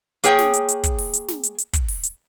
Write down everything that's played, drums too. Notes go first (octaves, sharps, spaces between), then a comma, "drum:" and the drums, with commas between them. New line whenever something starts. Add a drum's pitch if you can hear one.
A#3 G#4 C#5 G5, drum: hi-hat
drum: snare
drum: hi-hat
drum: hi-hat
drum: kick, hi-hat
drum: open hi-hat
drum: hi-hat
drum: snare
drum: hi-hat
drum: hi-hat
drum: kick, hi-hat
drum: open hi-hat
drum: hi-hat